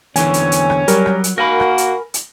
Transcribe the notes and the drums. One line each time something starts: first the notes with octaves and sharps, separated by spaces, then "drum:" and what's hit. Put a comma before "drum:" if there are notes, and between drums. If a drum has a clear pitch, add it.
E2 D3 E3 C4 C#4 C#5 G#5, drum: hi-hat
drum: hi-hat
drum: hi-hat
drum: rim click
F#3 G3 A#4, drum: hi-hat
drum: rim click
drum: hi-hat
A#3 F#4 A#4 G#5 B5 A#6
drum: rim click
drum: hi-hat
drum: hi-hat